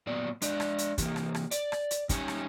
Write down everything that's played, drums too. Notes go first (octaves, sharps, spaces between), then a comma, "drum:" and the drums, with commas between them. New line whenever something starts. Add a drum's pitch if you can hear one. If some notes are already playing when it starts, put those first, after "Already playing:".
A#2 F#3 B3 D5
G#3 D4 D5, drum: hi-hat
drum: rim click
drum: hi-hat
C3 E3 A#3, drum: kick, hi-hat
drum: rim click
drum: rim click
D5, drum: hi-hat
drum: rim click
drum: hi-hat
G3 C#4 D#4 C#5 G#5, drum: kick, hi-hat
drum: rim click